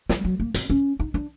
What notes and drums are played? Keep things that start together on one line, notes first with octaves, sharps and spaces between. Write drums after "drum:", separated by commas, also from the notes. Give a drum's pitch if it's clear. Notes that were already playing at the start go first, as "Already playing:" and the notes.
G3, drum: snare
F#3
A#3
C4, drum: hi-hat
C#4
D#4
D4